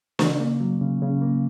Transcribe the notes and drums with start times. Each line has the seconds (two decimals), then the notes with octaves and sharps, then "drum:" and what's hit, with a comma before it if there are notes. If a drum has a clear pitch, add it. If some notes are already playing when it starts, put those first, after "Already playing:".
0.19 C#3, drum: snare
0.40 A#3
0.60 F#3
0.81 C#3
1.02 C#3
1.22 A#3